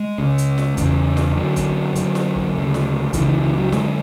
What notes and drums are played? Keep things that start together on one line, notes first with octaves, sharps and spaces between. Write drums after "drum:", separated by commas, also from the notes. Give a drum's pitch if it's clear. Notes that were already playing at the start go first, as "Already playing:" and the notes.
Already playing: G#3
C#2 C#3
drum: hi-hat
drum: snare
E2 C#3, drum: kick, hi-hat
drum: snare
E3
F#2 D3 F#3
drum: kick, hi-hat
F#2 D3, drum: hi-hat
drum: snare
drum: kick
D2 C#3
drum: snare
C#2 C#3 E3, drum: kick, hi-hat
E3
E3
F#3
F#2 D3 G#3, drum: snare